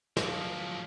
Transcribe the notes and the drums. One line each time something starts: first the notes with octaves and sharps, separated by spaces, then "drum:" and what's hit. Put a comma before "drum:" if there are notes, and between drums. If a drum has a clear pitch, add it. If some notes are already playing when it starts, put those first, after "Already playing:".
F3 F#3, drum: snare